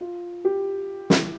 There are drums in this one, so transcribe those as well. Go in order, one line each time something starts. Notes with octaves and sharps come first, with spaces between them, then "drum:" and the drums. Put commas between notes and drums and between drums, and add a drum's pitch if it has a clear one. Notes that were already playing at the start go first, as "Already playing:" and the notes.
F4
G4
E4, drum: snare